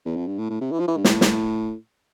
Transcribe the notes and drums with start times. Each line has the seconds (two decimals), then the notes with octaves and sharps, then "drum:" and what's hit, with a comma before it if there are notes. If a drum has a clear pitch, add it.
0.06 E2
0.16 F2
0.27 G2
0.38 A2
0.50 A2
0.61 C3
0.72 E3
0.80 F3
0.88 E3
0.97 G2
1.04 A2, drum: snare
1.21 drum: snare